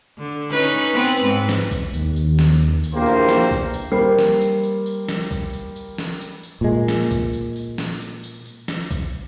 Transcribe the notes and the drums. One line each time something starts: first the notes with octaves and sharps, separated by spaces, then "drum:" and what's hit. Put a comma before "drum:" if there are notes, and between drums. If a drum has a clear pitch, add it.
D3
C#4 D#4 B4
drum: tambourine
B3 C4 B4
drum: tambourine
G#2, drum: tambourine
drum: snare
drum: kick, tambourine
D#2, drum: tambourine
drum: tambourine
drum: snare
drum: tambourine
drum: tambourine
A#1 E2 A#3 G4 C5
drum: tambourine
drum: snare
drum: kick, tambourine
drum: tambourine
G3 A#3 C5 C7
drum: snare
drum: tambourine
drum: tambourine
drum: tambourine
drum: snare
drum: kick, tambourine
drum: tambourine
drum: tambourine
drum: snare
drum: tambourine
drum: tambourine
A#2 G#3
drum: snare
drum: kick, tambourine
drum: tambourine
drum: tambourine
drum: snare
drum: tambourine
drum: tambourine
drum: tambourine
drum: snare
drum: kick, tambourine